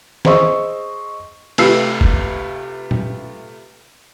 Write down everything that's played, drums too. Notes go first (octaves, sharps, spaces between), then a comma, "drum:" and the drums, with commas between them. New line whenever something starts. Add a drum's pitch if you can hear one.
G#4 C5 D#5 C6 C#6 E6, drum: snare
C3 A3 F4 B4 E6 C7, drum: cymbal
drum: kick
drum: tom